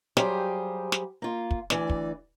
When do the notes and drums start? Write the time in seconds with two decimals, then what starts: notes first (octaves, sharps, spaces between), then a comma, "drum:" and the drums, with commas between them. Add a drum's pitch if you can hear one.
0.17 F#3 G3 G4 G#4 C5 F5, drum: snare
0.92 drum: snare
1.22 A#3 F4
1.51 drum: kick
1.70 D2 E3 D5, drum: snare
1.90 drum: kick